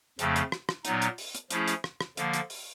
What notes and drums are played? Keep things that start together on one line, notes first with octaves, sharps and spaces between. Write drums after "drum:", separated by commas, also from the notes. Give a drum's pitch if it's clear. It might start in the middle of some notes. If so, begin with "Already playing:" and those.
F2 C#3 F3 A3 C4, drum: hi-hat
drum: hi-hat
drum: rim click
drum: rim click
A#2 F#3 B3 D#4, drum: hi-hat
drum: hi-hat
drum: open hi-hat
drum: hi-hat
F3 A3 C#4 E4 G#4, drum: hi-hat
drum: hi-hat
drum: rim click
drum: rim click
D3 F3 A#3, drum: hi-hat
drum: hi-hat
drum: open hi-hat